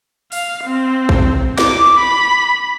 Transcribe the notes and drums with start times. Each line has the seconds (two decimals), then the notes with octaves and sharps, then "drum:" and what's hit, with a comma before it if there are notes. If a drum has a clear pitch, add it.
0.32 F5, drum: open hi-hat
0.64 C4
1.09 drum: kick
1.58 D6, drum: snare
1.97 B5